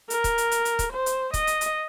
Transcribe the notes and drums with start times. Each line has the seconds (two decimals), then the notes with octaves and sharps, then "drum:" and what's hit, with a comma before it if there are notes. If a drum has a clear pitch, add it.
0.10 A#4, drum: hi-hat
0.24 drum: kick, hi-hat
0.38 drum: hi-hat
0.51 drum: hi-hat
0.65 drum: hi-hat
0.79 drum: kick, hi-hat
0.93 C5
1.06 drum: hi-hat
1.34 D#5, drum: kick, hi-hat
1.47 drum: hi-hat
1.61 drum: hi-hat